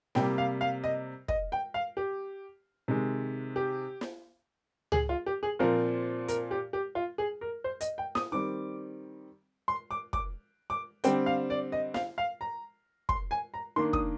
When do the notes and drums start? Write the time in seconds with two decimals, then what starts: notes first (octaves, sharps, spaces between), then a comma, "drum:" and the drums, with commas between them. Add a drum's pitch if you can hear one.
0.15 C3 G3 A#3 G5, drum: snare
0.38 F5
0.61 F5
0.84 D#5
1.28 D#5, drum: kick
1.52 G5
1.74 F5
1.97 G4
2.88 C3 D#3 G#3
3.56 G4
4.01 drum: snare
4.92 G#4, drum: tom C#2
5.09 F4
5.26 G4
5.43 G#4
5.59 A#2 F3 C4 A#4
6.28 A#4, drum: hi-hat
6.51 G4
6.73 G4
6.95 F4
7.18 G#4
7.41 A#4
7.64 C5
7.81 D#5, drum: hi-hat
7.98 G5
8.15 D#6, drum: snare
8.32 D#3 G3 C4 D6
9.68 C6
9.91 D6
10.13 D6, drum: kick
10.70 D6
11.04 D3 G3 C4 G5, drum: hi-hat
11.26 F5
11.50 D5
11.72 D#5
11.94 F5, drum: snare
12.18 F5
12.41 A#5
13.09 C6, drum: kick
13.31 G#5
13.54 A#5
13.76 D#3 A#3 D4 C6
13.93 D#6, drum: kick